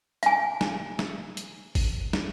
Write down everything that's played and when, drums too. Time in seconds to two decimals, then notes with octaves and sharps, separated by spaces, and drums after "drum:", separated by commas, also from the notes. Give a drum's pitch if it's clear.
0.23 F5 G#5, drum: hi-hat
0.61 drum: snare
0.99 drum: snare
1.37 drum: hi-hat
1.75 drum: kick, open hi-hat
2.13 drum: snare